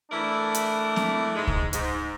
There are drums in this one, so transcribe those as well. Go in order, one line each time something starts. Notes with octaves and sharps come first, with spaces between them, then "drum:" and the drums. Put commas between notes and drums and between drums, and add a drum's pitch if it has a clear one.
E3 A3 D4 E4 A#4 D5
drum: hi-hat
drum: snare
G#2 G#3
drum: kick C#2
G#2, drum: hi-hat